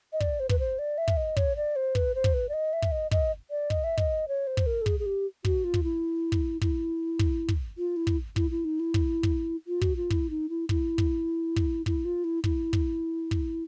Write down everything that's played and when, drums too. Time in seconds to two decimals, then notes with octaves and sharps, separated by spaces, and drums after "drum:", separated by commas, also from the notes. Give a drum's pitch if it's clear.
0.13 D#5
0.20 D5, drum: kick
0.40 C5
0.49 B4, drum: kick
0.59 C5
0.79 D5
0.98 E5
1.08 drum: kick
1.17 D#5
1.37 C#5, drum: kick
1.56 D5
1.76 C5
1.95 B4, drum: kick
2.15 C5
2.24 drum: kick
2.34 B4
2.49 D5
2.53 D#5
2.73 E5
2.82 drum: kick
2.92 D#5
3.11 D#5, drum: kick
3.50 D5
3.70 D#5, drum: kick
3.84 E5
3.98 D#5, drum: kick
4.28 C#5
4.47 C5
4.57 drum: kick
4.66 A#4
4.82 A4
4.86 G#4, drum: kick
5.00 G#4
5.06 G4
5.45 F#4, drum: kick
5.64 F4
5.74 drum: kick
5.84 E4
6.32 drum: kick
6.61 E4, drum: kick
7.19 drum: kick
7.48 drum: kick
7.78 F4
7.97 E4
8.07 drum: kick
8.36 E4, drum: kick
8.51 E4
8.65 D#4
8.80 E4
8.94 drum: kick
9.23 drum: kick
9.67 F4
9.81 F#4, drum: kick
9.96 F4
10.10 E4, drum: kick
10.30 D#4
10.49 E4
10.69 E4, drum: kick
10.98 drum: kick
11.56 drum: kick
11.86 E4, drum: kick
12.05 F4
12.24 E4
12.44 E4, drum: kick
12.73 drum: kick
13.31 drum: kick